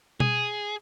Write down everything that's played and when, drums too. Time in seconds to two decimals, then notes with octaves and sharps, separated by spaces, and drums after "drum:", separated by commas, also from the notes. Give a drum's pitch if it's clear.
0.20 G#4, drum: tom B2